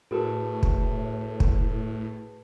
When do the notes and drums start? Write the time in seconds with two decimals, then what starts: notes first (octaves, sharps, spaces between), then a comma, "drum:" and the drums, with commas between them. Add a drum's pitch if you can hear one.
0.11 A2 F#4 G#4 A#4 B4 A5
0.63 drum: kick
1.40 drum: kick